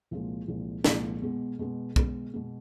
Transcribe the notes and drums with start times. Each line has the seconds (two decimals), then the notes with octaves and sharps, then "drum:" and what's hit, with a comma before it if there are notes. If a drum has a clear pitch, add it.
0.11 C2 A#2 F3 G#3
0.48 C2 A#2 F3 G#3
0.84 C2 A#2 F3 G#3, drum: snare
1.22 B2 G#3 B3
1.59 B2 G#3 B3
1.96 B2 G#3 B3, drum: kick B1
2.34 B2 G#3 B3